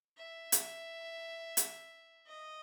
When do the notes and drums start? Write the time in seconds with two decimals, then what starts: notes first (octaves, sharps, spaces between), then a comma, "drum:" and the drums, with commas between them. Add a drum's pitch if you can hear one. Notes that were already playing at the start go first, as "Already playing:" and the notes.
0.17 E5
0.52 drum: hi-hat
1.57 drum: hi-hat
2.27 D#5